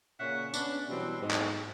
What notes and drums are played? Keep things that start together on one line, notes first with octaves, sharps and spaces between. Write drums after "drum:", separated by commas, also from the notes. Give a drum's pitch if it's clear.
A#2 C#3 C#4 E5 F#5
B3 C#4 D4, drum: tambourine
B2 E3 F#3 G3 C4
G#2
drum: clap